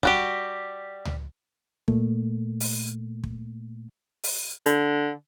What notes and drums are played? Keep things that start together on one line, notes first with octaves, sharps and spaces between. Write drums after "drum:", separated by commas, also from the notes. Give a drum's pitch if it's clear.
G3 F#4 G4, drum: kick
drum: tom C#2
A#2 A3 A#3, drum: kick
drum: open hi-hat
drum: kick
drum: open hi-hat
D3, drum: hi-hat